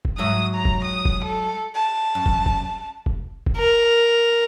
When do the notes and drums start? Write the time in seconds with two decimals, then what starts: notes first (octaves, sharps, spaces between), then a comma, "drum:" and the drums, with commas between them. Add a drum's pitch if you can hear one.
0.05 drum: kick
0.18 G#2 F#3 E5 D#6
0.55 A#5
0.65 drum: kick
0.85 D#6
1.05 drum: kick
1.25 A4
1.75 A5
2.15 F#2
2.26 drum: kick
2.46 drum: kick
3.06 drum: kick
3.46 drum: kick
3.57 A#4